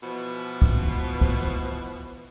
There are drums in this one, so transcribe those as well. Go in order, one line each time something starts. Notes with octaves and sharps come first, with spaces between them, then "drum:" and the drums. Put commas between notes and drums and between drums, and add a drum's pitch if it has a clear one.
B2 E3 F3
drum: kick
drum: kick